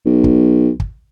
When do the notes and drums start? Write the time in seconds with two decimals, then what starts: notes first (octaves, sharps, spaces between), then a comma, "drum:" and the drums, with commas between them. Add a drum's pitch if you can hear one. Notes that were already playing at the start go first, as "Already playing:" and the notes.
0.05 B1
0.24 drum: kick
0.80 drum: kick